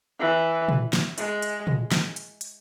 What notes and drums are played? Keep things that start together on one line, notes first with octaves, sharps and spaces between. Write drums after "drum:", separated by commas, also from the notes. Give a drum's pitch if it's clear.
E3
drum: tom
drum: snare
G#3, drum: hi-hat
drum: hi-hat
drum: tom
drum: snare
drum: hi-hat
drum: hi-hat